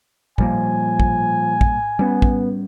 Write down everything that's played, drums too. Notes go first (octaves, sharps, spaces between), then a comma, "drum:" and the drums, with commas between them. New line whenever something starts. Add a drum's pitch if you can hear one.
A#2 F3 G3 A#3 G#5, drum: kick
drum: kick
drum: kick
G3 B3 C#4
drum: kick